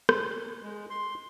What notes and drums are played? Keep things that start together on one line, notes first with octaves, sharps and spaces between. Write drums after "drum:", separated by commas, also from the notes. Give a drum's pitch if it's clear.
drum: rim click
G#3
C6